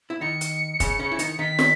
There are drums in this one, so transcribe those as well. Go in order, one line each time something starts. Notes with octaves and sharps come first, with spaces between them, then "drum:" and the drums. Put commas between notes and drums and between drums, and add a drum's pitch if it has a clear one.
E4
D#3 D#4 C#7
drum: hi-hat
C#3 C#4, drum: kick, hi-hat
C#3 C#4
E4
D#3 D#4, drum: hi-hat
D#3 D#4 B6
drum: snare